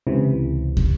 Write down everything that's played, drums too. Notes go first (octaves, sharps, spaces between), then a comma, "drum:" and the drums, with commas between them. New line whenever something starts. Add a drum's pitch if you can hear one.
C#2 C3 E3
drum: kick